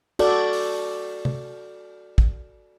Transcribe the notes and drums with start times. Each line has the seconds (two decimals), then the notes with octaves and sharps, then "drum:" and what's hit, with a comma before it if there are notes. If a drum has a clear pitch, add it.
0.19 F#4 A4 D5, drum: cymbal
0.53 drum: open hi-hat
1.25 drum: tom
2.18 drum: kick